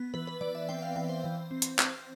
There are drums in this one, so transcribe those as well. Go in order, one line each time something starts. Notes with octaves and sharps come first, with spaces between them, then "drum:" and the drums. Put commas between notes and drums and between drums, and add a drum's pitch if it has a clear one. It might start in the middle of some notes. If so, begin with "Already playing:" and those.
Already playing: B3
E3 B4
B4
E3 D5
E5
C4 G5
F5
E3 G5
C5
E3
C4
drum: hi-hat
C4, drum: clap